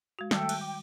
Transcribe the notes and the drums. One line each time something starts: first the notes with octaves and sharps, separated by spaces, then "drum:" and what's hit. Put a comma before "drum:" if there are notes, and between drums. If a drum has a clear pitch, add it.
G#3 F#4
D#3 G3 A3 A4 G5 D6, drum: snare
F#6, drum: cymbal
D6